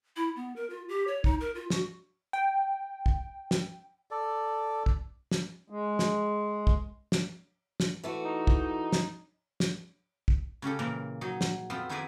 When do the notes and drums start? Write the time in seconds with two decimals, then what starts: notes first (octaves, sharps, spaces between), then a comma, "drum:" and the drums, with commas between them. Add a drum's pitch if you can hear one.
0.16 E4
0.36 B3
0.56 A#4
0.70 F4
0.89 G4
1.07 C#5
1.24 D#4, drum: kick
1.41 A#4
1.55 F4
1.70 F#4, drum: snare
2.33 G5
3.06 drum: kick
3.51 drum: snare
4.11 A4 D5
4.86 drum: kick
5.31 drum: snare
5.70 G#3
5.99 drum: snare
6.67 drum: kick
7.12 drum: snare
7.80 drum: snare
8.04 E3 A3 F#4
8.23 D#4
8.47 drum: kick
8.93 drum: snare
9.60 drum: snare
10.28 drum: kick
10.62 C#3 C#4 G4 A4
10.79 A#2 E3 A#3
11.21 F#3 D#4 G#4
11.41 drum: snare
11.70 F2 B3 C4 F4 C5
11.89 D#4 E4 F#4 G#4 B4 D5